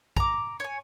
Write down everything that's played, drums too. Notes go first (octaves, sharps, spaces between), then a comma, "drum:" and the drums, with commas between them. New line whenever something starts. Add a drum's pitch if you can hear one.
A#5 D6, drum: kick A#1
C#5 G#5